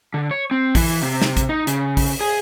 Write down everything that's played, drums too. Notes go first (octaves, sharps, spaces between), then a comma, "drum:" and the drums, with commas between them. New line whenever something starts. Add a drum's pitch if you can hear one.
D3
C#5
C4
E3, drum: kick, open hi-hat
C3
drum: snare
drum: kick, hi-hat
D#4
C#3, drum: hi-hat
drum: kick, open hi-hat
G#4